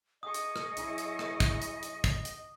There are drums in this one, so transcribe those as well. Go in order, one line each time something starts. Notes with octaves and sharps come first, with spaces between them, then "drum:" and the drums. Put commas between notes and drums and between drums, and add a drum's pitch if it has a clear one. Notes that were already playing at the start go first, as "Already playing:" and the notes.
G#4 D#5 C#6 D#6
drum: hi-hat
drum: rim click
F#3 E4, drum: hi-hat
drum: hi-hat
drum: rim click
drum: kick, hi-hat
drum: hi-hat
drum: hi-hat
drum: kick, hi-hat
drum: hi-hat